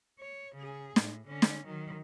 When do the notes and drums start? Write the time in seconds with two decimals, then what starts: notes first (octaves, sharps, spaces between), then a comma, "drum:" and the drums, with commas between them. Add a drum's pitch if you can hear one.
0.19 C#5
0.55 C#3 G#4
0.96 A2, drum: snare
1.27 D3 C#4
1.42 drum: snare
1.66 D#3 F#3